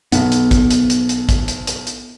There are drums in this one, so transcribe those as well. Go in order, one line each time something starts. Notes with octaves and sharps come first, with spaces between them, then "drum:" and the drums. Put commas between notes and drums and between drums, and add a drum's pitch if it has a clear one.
B1 B3, drum: hi-hat
drum: hi-hat
drum: kick A1, hi-hat
drum: hi-hat
drum: hi-hat
drum: hi-hat
drum: kick A1, hi-hat
drum: hi-hat
drum: hi-hat
drum: hi-hat